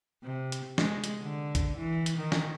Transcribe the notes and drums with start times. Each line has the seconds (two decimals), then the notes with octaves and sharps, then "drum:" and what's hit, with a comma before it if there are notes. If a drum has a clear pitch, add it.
0.23 C3
0.52 drum: hi-hat
0.78 G#3, drum: snare
1.04 drum: hi-hat
1.22 D3
1.55 drum: kick A1, hi-hat
1.77 E3
2.06 drum: hi-hat
2.17 D#3
2.32 drum: snare